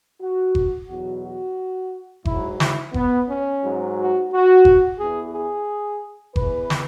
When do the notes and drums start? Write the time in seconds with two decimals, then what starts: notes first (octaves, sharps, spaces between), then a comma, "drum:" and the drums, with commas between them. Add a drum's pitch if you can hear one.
0.21 F#4
0.55 drum: kick F#1
0.89 E2 B2 F#3 F#4
1.23 F#4
2.25 G#2 E4, drum: kick F#1
2.31 F#3
2.60 E4, drum: snare
2.94 B3, drum: kick F#1
3.28 C#4
3.62 G#2 F#3
3.97 F#4
4.31 F#4
4.65 drum: kick F#1
4.99 E2 E3 G#4
5.33 G#4
6.36 E2 E3 B4, drum: kick F#1
6.70 drum: snare